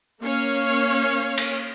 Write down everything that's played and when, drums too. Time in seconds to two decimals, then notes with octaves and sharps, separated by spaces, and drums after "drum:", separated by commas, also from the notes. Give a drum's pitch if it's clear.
0.23 A#3 C#4 C#5 F5
1.38 drum: cymbal